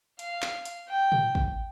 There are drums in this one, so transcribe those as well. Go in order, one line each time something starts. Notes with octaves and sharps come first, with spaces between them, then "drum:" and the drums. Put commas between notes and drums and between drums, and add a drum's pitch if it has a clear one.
F5, drum: hi-hat
drum: clap
drum: hi-hat
G5
drum: tom A2
drum: kick